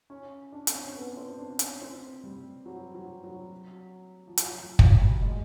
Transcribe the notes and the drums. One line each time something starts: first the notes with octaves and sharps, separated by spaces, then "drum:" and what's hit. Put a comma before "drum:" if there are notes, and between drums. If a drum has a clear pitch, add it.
C#4
D4
C4, drum: hi-hat
C#4
B3
C4
D4
C#4, drum: hi-hat
C4
G3
F#3
F#3
F#3
F3
F#3, drum: hi-hat
F3
F#3, drum: kick
G3
G#3